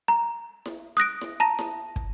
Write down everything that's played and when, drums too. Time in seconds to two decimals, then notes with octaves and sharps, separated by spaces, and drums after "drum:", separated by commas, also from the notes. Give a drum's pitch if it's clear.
0.08 A#5
0.66 drum: snare E4
0.97 D#6 F#6 A#6 D7
1.21 drum: snare E4
1.40 A5 A#5 A#6
1.59 drum: snare E4
1.96 drum: kick